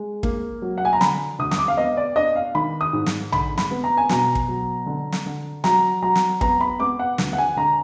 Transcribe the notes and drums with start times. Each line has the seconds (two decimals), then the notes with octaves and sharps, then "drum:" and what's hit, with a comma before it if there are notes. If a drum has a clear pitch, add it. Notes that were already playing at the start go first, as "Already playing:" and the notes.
Already playing: G#3
0.23 A#3, drum: kick
0.62 F#3
0.78 F#5
0.85 G#5
0.93 A#5
1.01 D3 B5, drum: snare
1.39 D2 D#6
1.51 D#6, drum: snare
1.58 D6
1.68 F5
1.77 B3 D#5
1.97 D5
2.16 D4 D#5
2.36 F5
2.55 D#3 B5
2.81 D#6
2.93 G#2
3.06 drum: snare
3.32 D3 B5, drum: tom
3.58 B5, drum: snare
3.71 B3
3.84 A#5
3.97 G#5
4.09 B2 A#5, drum: snare
4.35 drum: kick
4.48 F#3
4.86 D3
5.12 drum: snare
5.26 D3
5.64 F#3 A#5, drum: snare
6.02 F#3 A#5
6.15 drum: snare
6.41 B3 A#5, drum: kick
6.61 B5
6.80 B3 D6
6.99 F#5
7.18 D2, drum: snare
7.33 F#5
7.38 G#5
7.57 D3 A#5